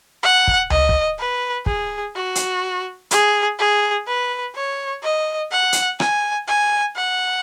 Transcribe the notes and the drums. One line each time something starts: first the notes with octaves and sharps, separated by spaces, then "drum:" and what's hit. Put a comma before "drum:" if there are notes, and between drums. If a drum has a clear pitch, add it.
F#5
drum: kick
D#5, drum: tom C#2
drum: kick
B4
G#4, drum: kick
F#4
drum: hi-hat
G#4, drum: hi-hat
G#4
B4
C#5
D#5
F#5
drum: hi-hat
G#5, drum: rim click
G#5
F#5